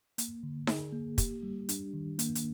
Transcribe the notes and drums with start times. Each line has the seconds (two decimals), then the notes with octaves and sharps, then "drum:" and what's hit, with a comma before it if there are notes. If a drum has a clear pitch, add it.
0.18 A#3, drum: hi-hat
0.43 D3
0.67 G#4, drum: snare D#4
0.93 A#3
1.18 G4, drum: kick, hi-hat
1.43 G3
1.69 D4, drum: hi-hat
1.94 D#3
2.19 A#3, drum: hi-hat
2.35 drum: hi-hat